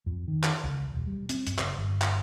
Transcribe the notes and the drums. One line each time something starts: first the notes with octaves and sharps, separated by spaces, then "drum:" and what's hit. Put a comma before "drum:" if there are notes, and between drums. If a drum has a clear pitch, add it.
F2
D#3
drum: clap
C#2
E1
G3
C4, drum: hi-hat
F#2, drum: hi-hat
F#1, drum: clap
G1
drum: clap